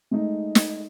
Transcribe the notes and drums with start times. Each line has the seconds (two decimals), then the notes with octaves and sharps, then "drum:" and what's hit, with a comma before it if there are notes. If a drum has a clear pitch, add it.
0.11 G#3 A3 D#4
0.55 drum: snare